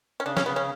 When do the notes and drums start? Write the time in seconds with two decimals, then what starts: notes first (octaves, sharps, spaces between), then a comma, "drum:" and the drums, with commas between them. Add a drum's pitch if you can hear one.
0.20 C#4
0.26 C#3 D4
0.37 C#4, drum: snare
0.46 C#3 B3
0.56 C#4